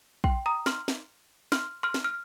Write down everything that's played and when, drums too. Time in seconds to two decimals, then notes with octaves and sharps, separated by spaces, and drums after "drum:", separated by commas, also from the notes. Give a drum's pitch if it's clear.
0.24 G5 C6, drum: kick A#1
0.46 A#5 D#6
0.66 C6 F6, drum: snare
0.88 drum: snare
1.52 C6 F6, drum: snare
1.83 C6 F6
1.94 drum: snare
2.04 F6